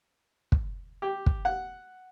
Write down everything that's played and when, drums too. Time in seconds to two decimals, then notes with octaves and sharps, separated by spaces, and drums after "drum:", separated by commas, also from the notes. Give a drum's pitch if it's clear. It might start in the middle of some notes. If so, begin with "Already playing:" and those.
0.52 drum: kick
1.02 G4
1.26 drum: kick
1.45 F#5